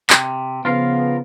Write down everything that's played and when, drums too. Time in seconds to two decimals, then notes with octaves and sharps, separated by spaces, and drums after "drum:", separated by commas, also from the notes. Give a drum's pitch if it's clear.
0.10 C3, drum: clap
0.65 C#3 F3 B3 F4 A#4 F5